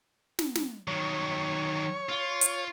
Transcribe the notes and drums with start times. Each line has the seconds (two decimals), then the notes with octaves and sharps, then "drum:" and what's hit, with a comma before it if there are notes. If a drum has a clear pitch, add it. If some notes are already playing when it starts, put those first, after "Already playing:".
0.39 drum: snare
0.55 drum: snare
0.88 D#3 F#3 C#5
2.09 F4
2.41 drum: hi-hat